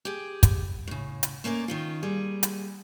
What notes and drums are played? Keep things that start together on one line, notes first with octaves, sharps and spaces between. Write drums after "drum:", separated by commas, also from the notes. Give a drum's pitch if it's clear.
G4 G#4
drum: kick, hi-hat
A2 C#3
drum: hi-hat
A3 A#3 C#4 A#4 D5
D#3 C#4 F4
A#2 G3 G#4
drum: hi-hat